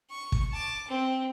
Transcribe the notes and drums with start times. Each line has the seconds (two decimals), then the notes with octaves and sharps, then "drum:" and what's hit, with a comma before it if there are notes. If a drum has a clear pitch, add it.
0.11 C#6
0.32 drum: kick
0.52 A5 D6
0.89 C4